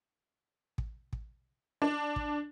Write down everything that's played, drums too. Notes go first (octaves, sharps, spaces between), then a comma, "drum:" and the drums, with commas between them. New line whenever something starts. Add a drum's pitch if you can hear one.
drum: kick
drum: kick
D4
drum: kick